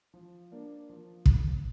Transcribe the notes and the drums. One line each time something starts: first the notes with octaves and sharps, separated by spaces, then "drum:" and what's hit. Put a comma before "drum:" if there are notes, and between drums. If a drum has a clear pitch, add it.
F3
A#3 D4
F3
drum: kick